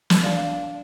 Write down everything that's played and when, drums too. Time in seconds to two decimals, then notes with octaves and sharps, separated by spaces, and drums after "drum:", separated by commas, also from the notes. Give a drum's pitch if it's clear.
0.10 drum: snare
0.22 D4 D5 F5 A5